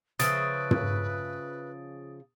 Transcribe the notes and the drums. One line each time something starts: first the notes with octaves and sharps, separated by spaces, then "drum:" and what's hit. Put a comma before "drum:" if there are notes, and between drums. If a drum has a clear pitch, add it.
C#3 F3 B4 E5 D#6 A6 D7, drum: hi-hat
drum: tom